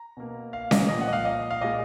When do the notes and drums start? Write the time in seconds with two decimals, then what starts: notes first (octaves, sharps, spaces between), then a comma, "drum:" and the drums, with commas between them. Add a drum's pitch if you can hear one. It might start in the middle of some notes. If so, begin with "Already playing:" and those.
Already playing: A#5
0.17 B2 A#3
0.53 F5
0.71 D#5, drum: snare C#4
0.89 A#2 F3 A#3 D#5
1.01 F#5
1.07 D#5
1.13 F5
1.25 D#5
1.50 F5
1.61 A#2 G#3 D#5